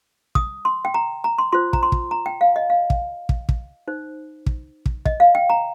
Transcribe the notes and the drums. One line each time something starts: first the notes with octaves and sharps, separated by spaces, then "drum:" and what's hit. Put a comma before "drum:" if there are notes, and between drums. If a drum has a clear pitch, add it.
D#6, drum: kick
C6
G5
A#5
A#5
C6
F4 C5 C6
A#5, drum: kick
C6
drum: kick
A#5
G5
F5
D#5
F5
drum: kick
drum: kick
drum: kick
D#4 C5
drum: kick
drum: kick
D#5, drum: kick
F5
G5
A#5